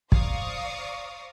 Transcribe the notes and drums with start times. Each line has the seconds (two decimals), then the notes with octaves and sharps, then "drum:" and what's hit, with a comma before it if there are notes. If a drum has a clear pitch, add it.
0.12 C5 D5 F5 A#5 C#6 D#6, drum: kick